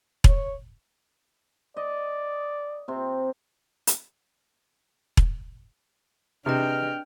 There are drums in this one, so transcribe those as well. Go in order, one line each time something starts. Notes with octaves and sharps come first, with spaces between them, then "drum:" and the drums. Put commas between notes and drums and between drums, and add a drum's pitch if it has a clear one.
C#5, drum: kick E1
D5 D#5
C3 C4
drum: hi-hat
drum: kick E1
C3 D4 G#4 B4 D#5 G5 F6